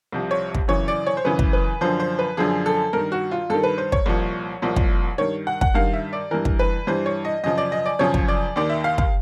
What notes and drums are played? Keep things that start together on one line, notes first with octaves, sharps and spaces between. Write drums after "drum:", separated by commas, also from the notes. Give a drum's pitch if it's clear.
C2 C3 F3
C#5
drum: kick
F#2 C#3 E3 C#5
D5
C#5
C5
F#2 C#3 E3 B4
drum: kick
B4
F#2 D3 F3 C5
C5
B4
F#2 D3 F3 G#4
A4
G2 D#3 A#4
F#4
F4
G2 D#3 A4
B4
C5
C#5, drum: kick
C2 A#2 F3
C2 A#2 F3
drum: kick
G2 D#3 C#5
F#5
F#5, drum: kick
G2 D#3 F5
E5
D5
G2 E3 A#4
drum: kick
B4
G2 E3 C5
C#5
D#5
F#2 C#3 F3 D#5
D5
D#5
D5
F#2 C#3 F3 C#5
drum: kick
D5
D#2 D#3 D5
E5
F5
F5, drum: kick